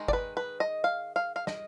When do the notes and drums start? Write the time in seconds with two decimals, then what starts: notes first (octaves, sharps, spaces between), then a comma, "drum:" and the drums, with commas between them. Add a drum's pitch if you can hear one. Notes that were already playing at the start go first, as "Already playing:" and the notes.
Already playing: D#3 G#3 D#4
0.08 D5, drum: kick G1
0.13 B4
0.37 B4
0.60 D#5
0.84 F5
1.16 F5
1.36 F5
1.47 D#5, drum: snare